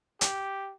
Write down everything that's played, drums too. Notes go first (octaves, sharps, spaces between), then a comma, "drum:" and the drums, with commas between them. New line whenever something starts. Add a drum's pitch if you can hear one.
G4, drum: hi-hat